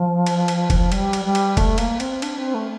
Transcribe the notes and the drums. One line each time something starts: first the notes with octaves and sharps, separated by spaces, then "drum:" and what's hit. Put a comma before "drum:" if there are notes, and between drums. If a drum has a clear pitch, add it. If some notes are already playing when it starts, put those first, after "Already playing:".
Already playing: F3
drum: cymbal
drum: cymbal
drum: kick, cymbal
G3, drum: cymbal
drum: cymbal
G3
drum: cymbal
A3, drum: kick, cymbal
A#3, drum: cymbal
C4, drum: cymbal
D4, drum: cymbal
C4
A3